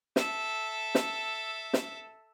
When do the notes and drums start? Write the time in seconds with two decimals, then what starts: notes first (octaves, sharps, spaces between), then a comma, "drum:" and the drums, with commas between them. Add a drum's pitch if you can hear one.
0.16 A4 E5, drum: snare
0.95 drum: snare
1.73 drum: snare